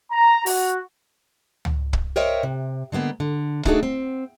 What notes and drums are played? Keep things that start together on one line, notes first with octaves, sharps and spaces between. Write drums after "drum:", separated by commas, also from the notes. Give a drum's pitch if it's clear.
A#5
F#4, drum: open hi-hat
drum: tom
drum: kick
A#4 C5 C#5 D#5 E5 G5
C3
D3 G#3 A#3 B3
D3
A3 D4 D#4 F#4 G#4 A4, drum: kick
C4